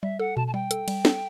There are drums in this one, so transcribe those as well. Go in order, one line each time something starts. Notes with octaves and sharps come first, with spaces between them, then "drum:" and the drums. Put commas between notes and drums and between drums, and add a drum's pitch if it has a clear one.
G3 E5
A4 F#5
B2 A5
A5
G3 G5
A4, drum: hi-hat
G3, drum: cymbal
A4, drum: snare